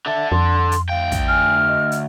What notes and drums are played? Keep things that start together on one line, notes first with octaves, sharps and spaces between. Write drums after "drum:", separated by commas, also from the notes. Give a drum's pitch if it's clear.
D3 A4 E5
F2 C6
drum: hi-hat
D2 F5 G5
drum: kick, hi-hat
G#5 F6
D#5
drum: hi-hat